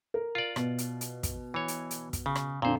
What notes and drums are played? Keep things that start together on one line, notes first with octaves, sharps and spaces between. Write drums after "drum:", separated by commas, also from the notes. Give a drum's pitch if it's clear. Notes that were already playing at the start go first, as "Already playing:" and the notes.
A#4
F4 D5
B2, drum: rim click
drum: hi-hat
drum: hi-hat
drum: kick, hi-hat
E3 C#5
drum: hi-hat
drum: hi-hat
drum: kick, hi-hat
C#3
drum: rim click
F2 A#2 D3 C5